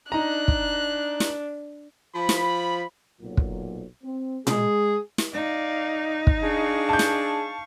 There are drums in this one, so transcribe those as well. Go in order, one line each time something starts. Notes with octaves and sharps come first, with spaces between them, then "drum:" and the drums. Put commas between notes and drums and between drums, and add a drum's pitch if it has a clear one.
D4 D#4 A#5 F#6
drum: kick
drum: snare
F3 B5
drum: snare
B1 A#2 F#3
drum: kick
C4
G#3 G#4, drum: tom A#2
drum: snare
D#4 D5 F5
drum: kick
D4 G#4 F5 C#6
A5 G6
drum: snare